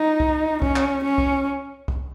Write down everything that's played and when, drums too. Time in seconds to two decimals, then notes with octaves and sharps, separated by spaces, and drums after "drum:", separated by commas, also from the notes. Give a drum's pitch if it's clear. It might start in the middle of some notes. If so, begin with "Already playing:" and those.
Already playing: D#4
0.20 drum: kick C2
0.62 C#4, drum: kick C2
0.76 drum: clap
1.04 C#4
1.18 drum: kick C2
1.88 drum: kick C2